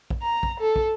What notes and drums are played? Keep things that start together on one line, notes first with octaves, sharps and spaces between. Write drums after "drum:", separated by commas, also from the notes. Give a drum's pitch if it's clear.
drum: kick
A#5
drum: kick
A4
drum: kick